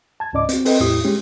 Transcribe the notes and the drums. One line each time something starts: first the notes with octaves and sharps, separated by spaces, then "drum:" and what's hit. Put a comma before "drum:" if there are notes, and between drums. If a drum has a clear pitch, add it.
A5 G#6
C#2 G#2 C#4 D5 D#5 D6
C4 F#4, drum: hi-hat
C4 A4 B4 D#5 G5, drum: open hi-hat
E2 A2 E4 G4 D#6
G#3 C#4 G4